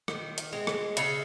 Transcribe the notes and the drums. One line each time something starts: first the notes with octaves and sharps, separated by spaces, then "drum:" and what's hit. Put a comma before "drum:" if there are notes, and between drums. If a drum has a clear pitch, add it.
D#3, drum: rim click
drum: hi-hat
G#3 C4
drum: rim click
C#3 A4, drum: hi-hat